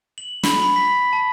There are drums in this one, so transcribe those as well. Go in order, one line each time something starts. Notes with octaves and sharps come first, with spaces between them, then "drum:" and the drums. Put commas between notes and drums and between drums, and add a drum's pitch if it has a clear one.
F#7
B5, drum: snare
B5
B6
B6
A5